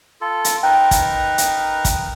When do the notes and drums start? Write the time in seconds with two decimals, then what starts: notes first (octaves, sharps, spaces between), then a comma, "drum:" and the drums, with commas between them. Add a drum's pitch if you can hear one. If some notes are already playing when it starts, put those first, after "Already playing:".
0.21 F4 A4
0.44 drum: hi-hat
0.63 D#4 A#4 B4 G5
0.91 drum: kick, hi-hat
1.38 drum: hi-hat
1.85 drum: kick, hi-hat